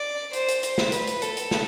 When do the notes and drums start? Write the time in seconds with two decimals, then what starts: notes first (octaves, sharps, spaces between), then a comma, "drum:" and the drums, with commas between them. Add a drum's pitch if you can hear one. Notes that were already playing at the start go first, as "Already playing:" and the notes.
Already playing: D5
0.33 C5, drum: hi-hat
0.48 drum: hi-hat
0.63 C5, drum: hi-hat
0.78 drum: snare
0.92 B4, drum: hi-hat
1.07 drum: hi-hat
1.22 A4, drum: hi-hat
1.37 drum: hi-hat
1.51 drum: snare